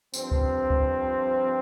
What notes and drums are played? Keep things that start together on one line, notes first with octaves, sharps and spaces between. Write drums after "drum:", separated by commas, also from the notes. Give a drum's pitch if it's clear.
G2 F3 C4, drum: tambourine
drum: kick C#2
drum: kick C#2